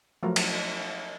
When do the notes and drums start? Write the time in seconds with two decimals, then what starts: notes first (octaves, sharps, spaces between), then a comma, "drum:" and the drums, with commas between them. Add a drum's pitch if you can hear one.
0.23 F3 F#3 A3 A#4
0.36 drum: cymbal